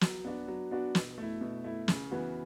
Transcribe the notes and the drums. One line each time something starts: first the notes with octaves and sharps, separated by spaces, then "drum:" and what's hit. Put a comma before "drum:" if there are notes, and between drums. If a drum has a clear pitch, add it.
F#3, drum: snare
B3 D4 F#4
F#3
B3 D4 F#4
B2, drum: snare
A3 E4
B2
A3 E4
C#3, drum: snare
E3 B3 F#4